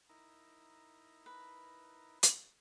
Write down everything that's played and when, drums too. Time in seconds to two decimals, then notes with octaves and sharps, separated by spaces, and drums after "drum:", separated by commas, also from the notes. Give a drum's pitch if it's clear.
0.09 D#4 E4 A#4
1.26 B4
2.23 drum: hi-hat